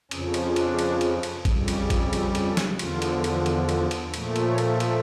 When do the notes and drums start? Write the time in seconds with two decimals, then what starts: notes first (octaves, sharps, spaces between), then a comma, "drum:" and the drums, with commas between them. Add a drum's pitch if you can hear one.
0.11 F2 C#3 F3 C#4, drum: cymbal
0.34 drum: cymbal
0.45 D4
0.56 drum: cymbal
0.79 drum: cymbal
1.01 drum: cymbal
1.23 drum: cymbal
1.45 F2 C#3 G3, drum: kick A1, cymbal
1.68 drum: cymbal
1.90 drum: kick A1, cymbal
2.13 A4, drum: cymbal
2.35 drum: cymbal
2.46 A4
2.57 drum: snare
2.79 E2 D3 F3 F4, drum: cymbal
3.02 drum: cymbal
3.24 drum: cymbal
3.46 D4, drum: cymbal
3.69 drum: cymbal
3.91 drum: cymbal
4.14 A#2 F3 A3, drum: cymbal
4.36 drum: cymbal
4.47 C#5
4.58 drum: cymbal
4.80 drum: cymbal